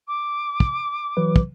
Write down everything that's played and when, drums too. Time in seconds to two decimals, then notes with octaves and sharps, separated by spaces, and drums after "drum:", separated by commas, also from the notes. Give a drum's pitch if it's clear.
0.07 D6
0.60 drum: kick
1.17 E3 F#3 B4
1.36 drum: kick